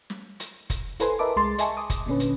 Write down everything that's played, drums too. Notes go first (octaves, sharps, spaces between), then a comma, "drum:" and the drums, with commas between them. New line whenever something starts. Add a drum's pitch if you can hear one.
drum: snare
drum: hi-hat
drum: kick F1, hi-hat
E4 A4 B4 C5 G#5 C6, drum: hi-hat
A#4 B4 D#5 E5 A5 D6
C2 G#3 C6 A6
D#5 E5 G#5 A5 C#6, drum: hi-hat
D6 D#6
drum: kick F1, hi-hat
A#2 D3 C#4 B4
drum: hi-hat